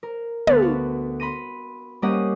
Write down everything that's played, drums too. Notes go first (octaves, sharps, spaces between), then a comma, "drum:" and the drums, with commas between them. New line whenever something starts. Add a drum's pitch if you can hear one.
A#4
D2 B3 B4 F5 A6, drum: tom
F#4
B5 C6 A#6 D#7
G3 A#3 C#4 G4 D#5 F#5